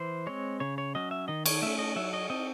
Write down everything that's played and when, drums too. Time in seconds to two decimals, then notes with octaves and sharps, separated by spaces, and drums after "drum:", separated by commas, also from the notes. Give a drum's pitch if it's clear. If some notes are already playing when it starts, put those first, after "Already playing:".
Already playing: E3 C5
0.27 G#3 C4 C#5
0.60 C#3 C#5
0.78 C#5
0.95 F#3 C#4 D#5
1.11 E5
1.28 D#3 D#5
1.46 C#5, drum: cymbal
1.62 A3 C#4 E5
1.79 D#5
1.96 F#3 E5
2.13 D#5
2.30 C4 D#5